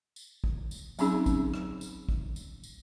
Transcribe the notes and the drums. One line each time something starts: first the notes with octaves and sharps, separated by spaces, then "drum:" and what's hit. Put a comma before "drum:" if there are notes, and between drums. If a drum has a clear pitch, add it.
drum: tambourine
drum: kick
drum: tambourine
F#3 C4 C#4 D#4 G#4 B5, drum: tambourine
drum: kick, tambourine
drum: rim click
drum: tambourine
drum: kick
drum: tambourine
drum: tambourine